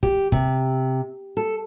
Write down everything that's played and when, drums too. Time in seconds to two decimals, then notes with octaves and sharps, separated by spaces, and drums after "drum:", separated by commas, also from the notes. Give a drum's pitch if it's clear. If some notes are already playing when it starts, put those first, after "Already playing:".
0.03 G4, drum: kick
0.32 C3, drum: kick
1.37 A4